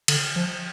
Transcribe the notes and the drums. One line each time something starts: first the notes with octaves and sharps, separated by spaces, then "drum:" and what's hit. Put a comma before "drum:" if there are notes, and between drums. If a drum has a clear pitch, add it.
D3, drum: cymbal
F3